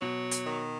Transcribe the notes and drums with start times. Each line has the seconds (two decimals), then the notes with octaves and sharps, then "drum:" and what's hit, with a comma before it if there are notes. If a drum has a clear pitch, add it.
0.01 B2 F#3
0.31 drum: hi-hat
0.47 D#3